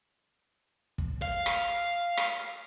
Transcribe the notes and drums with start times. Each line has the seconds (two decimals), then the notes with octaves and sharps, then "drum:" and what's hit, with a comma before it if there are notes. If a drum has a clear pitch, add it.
0.98 drum: kick
1.22 F5
1.46 drum: rim click
2.17 drum: rim click